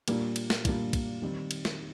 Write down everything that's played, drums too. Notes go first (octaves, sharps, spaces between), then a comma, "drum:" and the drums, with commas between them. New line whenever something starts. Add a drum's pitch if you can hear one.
A#2 G3 A#3 D4 F4, drum: cymbal
drum: cymbal
drum: snare
A#2 G3 A#3 D4 F4, drum: kick, cymbal
drum: kick, cymbal
D#3 G3 C4
drum: cymbal
drum: snare